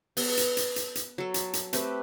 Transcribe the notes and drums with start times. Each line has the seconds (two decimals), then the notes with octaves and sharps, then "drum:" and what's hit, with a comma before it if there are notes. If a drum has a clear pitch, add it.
0.17 B3, drum: open hi-hat
0.37 drum: hi-hat
0.57 drum: hi-hat
0.76 drum: hi-hat
0.95 drum: hi-hat
1.18 F#3 A4
1.34 drum: hi-hat
1.53 drum: hi-hat
1.73 A3 C4 G4 B4, drum: hi-hat